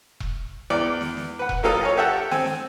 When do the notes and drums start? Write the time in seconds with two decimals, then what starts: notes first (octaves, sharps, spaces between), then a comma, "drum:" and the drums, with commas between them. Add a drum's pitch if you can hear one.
0.20 drum: kick E1
0.70 E2 D5
1.01 drum: snare
1.17 drum: snare
1.39 B4 F#5
1.49 drum: kick E1
1.63 F#3 A#3 F4 A4 D#5
1.81 C#5 G#5 A#5
1.97 G4 A4 E5 F#5 A5
2.31 C4 G#5, drum: snare
2.46 drum: snare